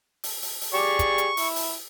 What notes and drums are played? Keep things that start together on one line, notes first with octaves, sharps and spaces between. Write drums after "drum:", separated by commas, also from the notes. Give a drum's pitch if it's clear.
drum: open hi-hat
drum: open hi-hat
drum: open hi-hat
G4 G#4 D5 C#6
drum: kick, hi-hat
drum: hi-hat
E4, drum: open hi-hat
drum: open hi-hat